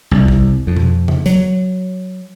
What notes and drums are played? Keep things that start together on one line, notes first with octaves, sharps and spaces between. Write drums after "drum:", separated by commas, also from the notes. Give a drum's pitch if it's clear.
C2
drum: kick A1
F2
drum: tom B2
drum: tom C#3
F#3, drum: hi-hat